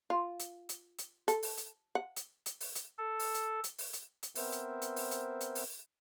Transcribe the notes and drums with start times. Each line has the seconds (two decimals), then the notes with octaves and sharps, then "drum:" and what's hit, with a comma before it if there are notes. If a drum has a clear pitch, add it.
0.10 F4
0.39 drum: hi-hat
0.69 drum: hi-hat
0.98 drum: hi-hat
1.28 A4, drum: hi-hat
1.43 drum: open hi-hat
1.57 drum: hi-hat
1.95 F#5
2.16 drum: hi-hat
2.46 drum: hi-hat
2.60 drum: open hi-hat
2.75 drum: hi-hat
2.98 A4
3.19 drum: open hi-hat
3.34 drum: hi-hat
3.64 drum: hi-hat
3.78 drum: open hi-hat
3.93 drum: hi-hat
4.23 drum: hi-hat
4.35 B3 C4 A#4 C5 E5, drum: open hi-hat
4.52 drum: hi-hat
4.82 drum: hi-hat
4.96 drum: open hi-hat
5.11 drum: hi-hat
5.41 drum: hi-hat
5.55 drum: open hi-hat